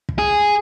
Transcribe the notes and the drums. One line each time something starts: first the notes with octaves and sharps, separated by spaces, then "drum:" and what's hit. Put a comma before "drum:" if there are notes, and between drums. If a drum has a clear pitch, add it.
drum: kick
G#4